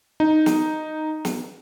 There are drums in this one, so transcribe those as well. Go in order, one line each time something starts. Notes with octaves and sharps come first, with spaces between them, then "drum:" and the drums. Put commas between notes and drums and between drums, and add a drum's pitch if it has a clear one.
D#4
drum: snare
drum: snare